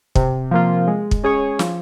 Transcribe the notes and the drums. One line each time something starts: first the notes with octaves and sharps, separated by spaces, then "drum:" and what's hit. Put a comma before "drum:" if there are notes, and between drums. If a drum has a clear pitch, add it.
C3, drum: kick
F3 A#3 F4
G#3
drum: kick
C#4 G#4 C#5
F3, drum: snare